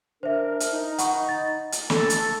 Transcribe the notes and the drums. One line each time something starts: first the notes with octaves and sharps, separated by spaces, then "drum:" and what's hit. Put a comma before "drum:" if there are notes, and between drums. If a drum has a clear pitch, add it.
D4 A#4 C5 E5
drum: hi-hat
D#4
F#5 B5 C#6, drum: hi-hat
A6
drum: hi-hat
A3 A4, drum: snare
drum: hi-hat